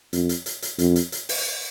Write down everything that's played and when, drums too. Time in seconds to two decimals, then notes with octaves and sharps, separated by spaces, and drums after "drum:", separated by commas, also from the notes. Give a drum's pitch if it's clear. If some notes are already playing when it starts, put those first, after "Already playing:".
0.13 F2, drum: hi-hat
0.29 drum: hi-hat
0.46 drum: hi-hat
0.62 drum: hi-hat
0.79 F2, drum: hi-hat
0.96 drum: hi-hat
1.12 drum: hi-hat
1.29 drum: open hi-hat